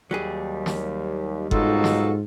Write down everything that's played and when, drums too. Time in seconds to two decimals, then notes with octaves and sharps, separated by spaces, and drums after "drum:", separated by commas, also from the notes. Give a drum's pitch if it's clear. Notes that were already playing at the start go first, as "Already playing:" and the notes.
0.11 D#2 F#3 G3 G#4
0.66 drum: snare
1.51 B1 G#2 D#4 F4 F#4 A4, drum: kick F#1
1.84 drum: snare